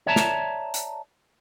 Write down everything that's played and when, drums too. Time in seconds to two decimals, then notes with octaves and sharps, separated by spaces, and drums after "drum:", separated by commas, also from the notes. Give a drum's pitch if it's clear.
0.07 C#5 D5 E5 A5 A#5
0.16 drum: snare
0.74 drum: hi-hat